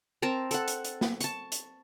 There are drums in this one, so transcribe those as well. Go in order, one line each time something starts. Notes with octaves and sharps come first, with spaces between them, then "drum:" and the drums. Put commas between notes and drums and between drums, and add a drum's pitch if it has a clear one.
C4 A#4 A5 A#5
A4 F#5, drum: hi-hat
drum: hi-hat
drum: hi-hat
drum: snare
A5 C#6, drum: hi-hat
drum: hi-hat